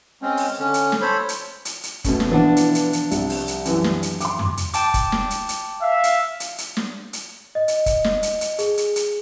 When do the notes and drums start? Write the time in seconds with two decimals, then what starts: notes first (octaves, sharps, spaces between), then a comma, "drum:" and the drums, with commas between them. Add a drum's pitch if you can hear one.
0.22 G#3 C4 C#4
0.37 drum: open hi-hat
0.59 D3 C#4
0.74 drum: hi-hat
0.92 drum: snare
1.02 A4 C5 C#5 B5
1.29 drum: hi-hat
1.65 drum: hi-hat
1.83 drum: hi-hat
2.04 B2 A3 C#4, drum: kick, hi-hat
2.20 drum: snare
2.31 E3 F3 D4 F#5
2.56 drum: hi-hat
2.75 drum: hi-hat
2.93 drum: hi-hat
3.11 C2, drum: hi-hat
3.30 drum: open hi-hat
3.48 drum: hi-hat
3.65 F#2 E3, drum: hi-hat
3.84 drum: snare
4.03 drum: hi-hat
4.20 C6 D6, drum: hi-hat
4.39 drum: tom F2
4.57 drum: hi-hat
4.74 G5 A5 D6, drum: hi-hat
4.94 drum: kick, hi-hat
5.12 drum: snare
5.30 drum: hi-hat
5.49 drum: hi-hat
5.81 E5 F5
6.04 drum: hi-hat
6.40 drum: hi-hat
6.58 drum: hi-hat
6.77 drum: snare
7.13 drum: hi-hat
7.55 D#5
7.68 drum: hi-hat
7.86 drum: kick, hi-hat
8.04 drum: snare
8.23 drum: hi-hat
8.41 drum: hi-hat
8.59 G#4, drum: hi-hat
8.77 drum: hi-hat
8.96 drum: hi-hat